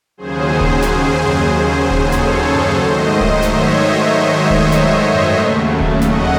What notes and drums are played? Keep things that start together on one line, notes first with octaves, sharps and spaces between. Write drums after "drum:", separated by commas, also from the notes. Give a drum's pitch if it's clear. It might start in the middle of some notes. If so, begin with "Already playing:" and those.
D#2 C#3 F#3 G#4 C5
drum: kick D1
drum: snare
drum: tom F#2
G#4 C5
drum: kick D1
A4 C#5, drum: snare
drum: tom F#2
G#2 D#3 F#3 A3 C5 D#5
drum: kick D1
C#5 E5, drum: snare
drum: kick D1
drum: snare
drum: tom F#2
D#2 C#3 F#3 A3
drum: kick D1
D#5 F#5, drum: snare